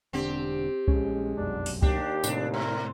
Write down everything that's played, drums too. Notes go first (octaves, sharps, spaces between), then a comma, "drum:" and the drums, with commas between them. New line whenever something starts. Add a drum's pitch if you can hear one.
E1 D3 C4 D4 G4
A#1 G#3 C#4, drum: kick C2
F1 B1 F#2 D4
drum: open hi-hat
D#2 D4 G4, drum: kick C2
A2 C3 D4, drum: tambourine
G#2 A#4